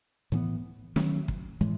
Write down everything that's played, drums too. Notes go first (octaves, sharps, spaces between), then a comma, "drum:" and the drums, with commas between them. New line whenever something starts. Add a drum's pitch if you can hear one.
A2 E3 B3, drum: hi-hat
D#3 F#3 A3 C#4, drum: snare
drum: kick
A2 E3 G#3, drum: hi-hat